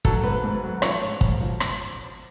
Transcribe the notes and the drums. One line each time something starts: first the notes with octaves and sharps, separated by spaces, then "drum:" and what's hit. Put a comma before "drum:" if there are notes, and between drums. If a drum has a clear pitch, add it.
F#3 A4, drum: kick
G#2 B4
G#2
F#3
F3 C#5, drum: rim click
G#2
G#2, drum: kick
F3
drum: rim click